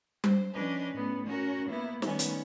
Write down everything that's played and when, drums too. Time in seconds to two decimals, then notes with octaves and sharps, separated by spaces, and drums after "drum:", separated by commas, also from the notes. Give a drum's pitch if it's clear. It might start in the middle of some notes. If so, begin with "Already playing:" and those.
0.24 C5, drum: tom G3
0.53 F3 C#4 D4 B4 D#5
0.92 A2 B3 C#4
1.24 C#4 F#4 A#4 A#6
1.67 A#3 B3 E4
2.02 D#3 G3 A3 B3 C#4, drum: snare
2.19 drum: hi-hat